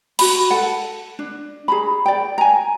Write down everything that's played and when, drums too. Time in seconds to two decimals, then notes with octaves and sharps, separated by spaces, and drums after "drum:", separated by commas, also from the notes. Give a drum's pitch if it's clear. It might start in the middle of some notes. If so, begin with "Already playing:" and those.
0.19 F#4 B5, drum: cymbal
0.50 A4 F#5
1.19 D4
1.68 G#4 A#5 B5
2.06 D5 G5
2.38 G#5 A#5